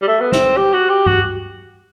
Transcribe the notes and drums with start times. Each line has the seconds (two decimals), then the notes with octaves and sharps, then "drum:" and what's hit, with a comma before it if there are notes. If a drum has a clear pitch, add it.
0.02 G3
0.08 A3
0.21 B3
0.32 C4, drum: snare
0.57 G4
0.73 F#4
0.90 G4
1.06 F#4, drum: tom G2